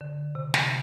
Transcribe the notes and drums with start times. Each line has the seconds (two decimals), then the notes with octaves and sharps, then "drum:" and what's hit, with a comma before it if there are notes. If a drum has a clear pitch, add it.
0.01 D3
0.35 C3
0.54 drum: snare